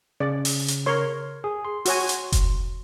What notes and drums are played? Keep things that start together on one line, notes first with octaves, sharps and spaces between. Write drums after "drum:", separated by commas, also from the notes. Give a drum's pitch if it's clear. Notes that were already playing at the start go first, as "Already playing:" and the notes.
C#3 D5
drum: open hi-hat
drum: hi-hat
A#4 C#5 C6
G#4
C6
F#4 C#5 G#5, drum: open hi-hat
drum: hi-hat
drum: kick F1, hi-hat